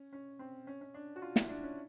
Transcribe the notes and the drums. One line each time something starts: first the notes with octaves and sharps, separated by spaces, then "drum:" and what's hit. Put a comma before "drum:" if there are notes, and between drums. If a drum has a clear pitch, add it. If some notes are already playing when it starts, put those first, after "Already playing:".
Already playing: C#4
C#4
C4
C#4
C#4
D4
F#4
F4
E4, drum: snare
D4
C#4